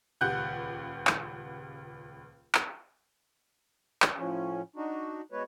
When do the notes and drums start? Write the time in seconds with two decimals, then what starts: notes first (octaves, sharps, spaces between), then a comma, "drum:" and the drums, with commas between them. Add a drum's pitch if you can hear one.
0.21 D#1 C#2 G4 F#5 F#6 G6
1.07 drum: clap
2.55 drum: clap
4.02 drum: clap
4.18 A2 F3 C#4
4.76 D4 D#4 F#4
5.32 G#3 B3 F#4 B4 C#5